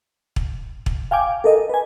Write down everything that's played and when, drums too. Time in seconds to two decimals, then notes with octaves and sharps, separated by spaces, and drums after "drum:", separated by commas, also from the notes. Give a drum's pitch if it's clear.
0.36 drum: kick
0.86 drum: kick
1.11 F5 G5 G#5 D6
1.44 A4 A#4 D#5
1.69 B4 G#5